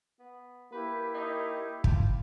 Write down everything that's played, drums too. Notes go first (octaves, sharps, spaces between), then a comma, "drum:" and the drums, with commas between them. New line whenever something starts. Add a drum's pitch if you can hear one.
B3
A#3 E4 G4 B4
D#4
F4, drum: kick